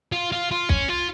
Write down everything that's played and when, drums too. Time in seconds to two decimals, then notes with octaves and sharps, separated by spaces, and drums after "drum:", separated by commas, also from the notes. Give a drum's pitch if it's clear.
0.12 F4
0.32 F4
0.51 F4
0.69 C#4, drum: kick
0.89 F4